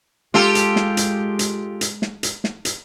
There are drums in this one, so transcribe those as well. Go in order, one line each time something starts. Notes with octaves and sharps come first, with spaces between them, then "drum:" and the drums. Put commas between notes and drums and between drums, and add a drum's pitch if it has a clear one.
G#3 F4 G4 A4, drum: snare
drum: hi-hat
drum: snare
drum: hi-hat
drum: hi-hat
drum: hi-hat
drum: snare
drum: hi-hat
drum: snare
drum: hi-hat